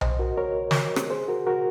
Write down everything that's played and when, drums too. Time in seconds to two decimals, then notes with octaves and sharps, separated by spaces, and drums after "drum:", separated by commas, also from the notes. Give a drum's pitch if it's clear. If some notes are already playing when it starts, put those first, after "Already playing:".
0.01 C5 D#5, drum: tom B1
0.19 F#4 A#4
0.37 A#4 C#5
0.71 drum: snare
0.96 drum: rim click
1.10 G#4 C5
1.28 F#4 A#4
1.47 F#4 A#4